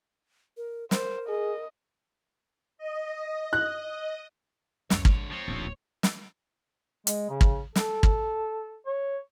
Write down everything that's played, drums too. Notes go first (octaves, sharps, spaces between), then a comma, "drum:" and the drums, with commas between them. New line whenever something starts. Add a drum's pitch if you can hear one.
A#4
A#4 C5, drum: snare
G#4 D#5
D#5
F#6
C#2 F#2 C#5, drum: snare
D3 G#3 C#5, drum: kick
F3 C4 C#5
D1 A#1 D#2 A#2
drum: snare
G#3, drum: hi-hat
C#3
drum: kick
A4, drum: snare
drum: kick
C#5